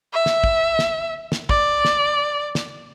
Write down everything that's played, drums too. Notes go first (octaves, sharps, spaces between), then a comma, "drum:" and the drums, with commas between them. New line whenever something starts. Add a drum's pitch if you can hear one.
E5
drum: snare
drum: kick
drum: snare
drum: snare
D5, drum: kick
drum: snare
drum: snare